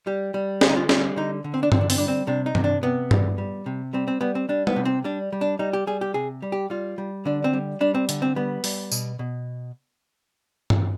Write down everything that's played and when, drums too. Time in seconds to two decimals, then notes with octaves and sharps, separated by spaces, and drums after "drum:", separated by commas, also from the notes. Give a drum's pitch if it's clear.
0.07 G3 G4
0.34 G3
0.61 D3 G4, drum: snare
0.69 D#4
0.76 F4
0.89 G3 F4, drum: snare
1.17 D3 D#4
1.44 D3
1.54 C4
1.63 D4
1.72 D3 C4, drum: tom G2
1.81 D4
1.90 C4, drum: open hi-hat
1.98 G3 D4
2.08 C4
2.27 C3 D4
2.46 D#4
2.55 C3, drum: tom G2
2.64 D4
2.83 C3 B3
3.11 G3, drum: tom G2
3.38 G3
3.66 C3
3.93 G3 C4
4.08 C4
4.21 G3 B3
4.35 C4
4.49 G3 D4
4.67 B3, drum: tom G3
4.76 C3
4.85 C4
5.04 G3 D4
5.32 G3
5.41 D4
5.59 G3 D#4
5.73 G4
5.87 G3 G#4
6.01 G4
6.14 C3 G#4
6.42 G3
6.52 G4
6.70 G3 F4
6.98 G3
7.25 D3 D4
7.44 C4
7.53 G3
7.81 G3 D4
7.95 C4
8.09 D3, drum: hi-hat
8.22 C4
8.36 G3 B3
8.64 G3, drum: open hi-hat
8.92 B2, drum: tambourine
9.19 B2
10.70 drum: tom G2